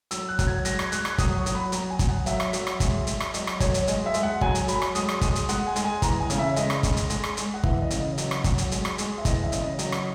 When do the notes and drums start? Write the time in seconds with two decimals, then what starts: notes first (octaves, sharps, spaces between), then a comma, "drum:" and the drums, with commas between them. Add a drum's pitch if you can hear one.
0.11 F#3 E6, drum: hi-hat
0.29 F#6
0.39 F#3, drum: kick, hi-hat
0.47 G#6
0.65 G#3 A#6, drum: hi-hat
0.79 G#6, drum: rim click
0.92 G#3 F#6, drum: hi-hat
1.05 F#6, drum: rim click
1.18 F#3 D#6, drum: kick, hi-hat
1.37 C#6
1.46 F#3, drum: hi-hat
1.55 B5
1.72 F#3 A#5, drum: hi-hat
1.90 G#5
1.99 F#3, drum: kick, hi-hat
2.08 F#5
2.26 F#3 E5, drum: hi-hat
2.40 drum: rim click
2.53 F#3, drum: hi-hat
2.67 drum: rim click
2.80 G#3, drum: kick, hi-hat
3.07 G#3, drum: hi-hat
3.20 drum: rim click
3.34 F#3 D#5, drum: hi-hat
3.47 drum: rim click
3.60 F#3 C#5, drum: kick, hi-hat
3.74 drum: hi-hat
3.87 G#3 D#5, drum: hi-hat
4.06 E5
4.14 G#3, drum: hi-hat
4.23 F#5
4.41 F#3 G#5, drum: kick
4.55 drum: hi-hat
4.68 F#3 B5, drum: hi-hat
4.82 drum: rim click
4.95 G#3 D#6, drum: hi-hat
5.09 drum: rim click
5.21 G#3 D#6, drum: kick, hi-hat
5.35 drum: hi-hat
5.49 G#3 F#5, drum: hi-hat
5.67 G#5
5.76 G#3, drum: hi-hat
5.84 G#5
6.02 E3 A#5, drum: kick, hi-hat
6.20 G#5
6.30 C#3, drum: hi-hat
6.38 E5
6.56 G#3 D#5, drum: hi-hat
6.70 drum: rim click
6.83 G#3, drum: kick, hi-hat
6.97 drum: hi-hat
7.10 G#3, drum: hi-hat
7.24 drum: rim click
7.37 G#3, drum: hi-hat
7.54 F#5
7.64 E3 E5, drum: kick
7.82 D#5
7.90 C#3, drum: hi-hat
8.00 D#5
8.18 F#3, drum: hi-hat
8.31 drum: rim click
8.44 F#3, drum: kick, hi-hat
8.58 drum: hi-hat
8.72 G#3, drum: hi-hat
8.85 drum: rim click
8.98 G#3, drum: hi-hat
9.18 E5
9.25 E3 D#5, drum: kick, hi-hat
9.44 E5
9.52 C#3, drum: hi-hat
9.62 D#5
9.79 F#3 D#5, drum: hi-hat
9.92 drum: rim click